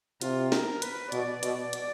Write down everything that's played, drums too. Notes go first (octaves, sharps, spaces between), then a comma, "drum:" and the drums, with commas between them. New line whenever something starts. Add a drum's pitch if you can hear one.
C3 F4, drum: hi-hat
A#4, drum: snare
B4, drum: hi-hat
B2 D5, drum: hi-hat
B2, drum: hi-hat
drum: hi-hat